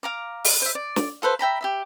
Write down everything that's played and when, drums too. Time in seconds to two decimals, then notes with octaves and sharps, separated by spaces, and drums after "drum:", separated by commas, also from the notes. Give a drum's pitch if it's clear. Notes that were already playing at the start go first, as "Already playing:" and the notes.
0.03 F5 A#5 D6
0.44 drum: open hi-hat
0.62 C5 E5
0.75 D5
0.96 drum: snare
1.22 F4 A4 B4 C5
1.39 E5 G5 A#5 B5
1.61 G4 D#5 E5